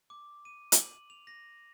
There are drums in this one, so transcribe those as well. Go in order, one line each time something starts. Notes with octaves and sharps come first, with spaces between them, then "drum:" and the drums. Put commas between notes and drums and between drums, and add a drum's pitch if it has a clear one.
D6
D#7
F#7, drum: hi-hat
F7
A#6